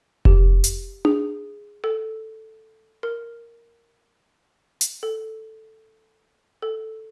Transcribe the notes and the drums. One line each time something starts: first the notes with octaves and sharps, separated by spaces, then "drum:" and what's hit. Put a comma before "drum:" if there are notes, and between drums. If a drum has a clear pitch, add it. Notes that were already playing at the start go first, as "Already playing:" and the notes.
G4, drum: kick F1
drum: hi-hat
G#4, drum: tom D4
A4
A#4
drum: hi-hat
A4
A4